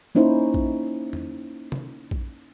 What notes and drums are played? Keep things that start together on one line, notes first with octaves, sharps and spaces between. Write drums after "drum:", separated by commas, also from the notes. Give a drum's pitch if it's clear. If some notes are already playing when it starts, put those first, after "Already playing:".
A#3 C#4 D#4 E4 C5
drum: kick A#1
drum: tom E2
drum: tom C3
drum: kick A#1